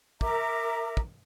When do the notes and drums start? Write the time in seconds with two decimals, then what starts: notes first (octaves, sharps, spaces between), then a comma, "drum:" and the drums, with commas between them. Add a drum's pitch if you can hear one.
0.21 A#4 E5 A#5 D6, drum: kick
0.97 drum: kick